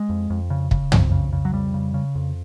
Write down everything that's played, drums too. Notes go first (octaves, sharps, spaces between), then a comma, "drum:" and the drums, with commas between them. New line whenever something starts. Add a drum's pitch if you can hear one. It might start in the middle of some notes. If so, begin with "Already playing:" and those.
Already playing: G#3
F2
F2
C#3
C#3, drum: kick
F2, drum: tom
C#3
C#3
F#3
F2 G3
C#3
C#3
F2